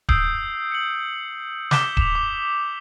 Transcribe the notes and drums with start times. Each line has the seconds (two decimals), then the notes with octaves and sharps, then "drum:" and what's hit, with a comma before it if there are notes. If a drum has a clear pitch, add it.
0.09 D#6 E6 G6 C7 D7, drum: kick D1
0.72 C#7 F#7
1.71 D6 G6 B6 E7 G7, drum: snare
1.97 E7 F7, drum: kick D1
2.15 D6